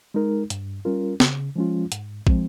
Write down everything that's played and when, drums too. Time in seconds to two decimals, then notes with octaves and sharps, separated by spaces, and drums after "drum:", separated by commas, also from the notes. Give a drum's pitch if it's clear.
0.14 G#3 D#4 A#4
0.50 G2, drum: hi-hat
0.85 G3 C#4 F4 A#4
1.20 C#3, drum: snare
1.56 F3 G#3 C#4 F4
1.92 G#2, drum: hi-hat
2.27 F3 G#3 C4, drum: kick